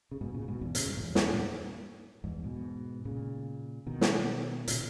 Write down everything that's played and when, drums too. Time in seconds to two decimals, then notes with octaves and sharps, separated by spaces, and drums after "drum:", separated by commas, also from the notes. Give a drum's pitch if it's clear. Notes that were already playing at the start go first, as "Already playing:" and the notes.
0.11 C#3
0.21 G#2 B2
0.34 A#2 C#3
0.48 G#2 B2
0.61 E2 G#2
0.75 A#2 C#3, drum: hi-hat
0.88 G2
0.97 A#2
1.02 E2 G#2
1.15 E2 G#2, drum: snare
1.29 G2 A#2
2.24 E2 G#2
2.44 G#2 B2
3.05 A#2 C#3
3.87 B2 D#3
4.01 drum: snare
4.68 A#2 C#3, drum: hi-hat